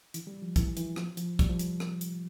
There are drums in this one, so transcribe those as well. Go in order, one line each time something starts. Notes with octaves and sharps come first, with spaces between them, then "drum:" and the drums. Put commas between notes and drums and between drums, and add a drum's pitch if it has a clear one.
E3, drum: hi-hat
G3
F3
E3, drum: kick, hi-hat
E3, drum: hi-hat
F3, drum: rim click
F3, drum: hi-hat
G3, drum: kick, hi-hat
F3
drum: hi-hat
drum: rim click
drum: hi-hat